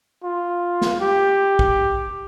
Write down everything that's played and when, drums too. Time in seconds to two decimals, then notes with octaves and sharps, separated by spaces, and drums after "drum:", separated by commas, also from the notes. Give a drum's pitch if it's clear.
0.23 F4
0.81 drum: snare
1.01 G4
1.59 drum: kick